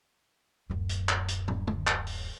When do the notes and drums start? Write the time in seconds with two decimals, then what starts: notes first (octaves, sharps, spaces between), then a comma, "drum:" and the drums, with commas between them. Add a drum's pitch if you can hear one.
0.70 D1 F#2
0.89 drum: hi-hat
1.09 drum: clap
1.28 drum: hi-hat
1.48 drum: tom
1.67 drum: tom C#3
1.87 drum: clap
2.07 drum: open hi-hat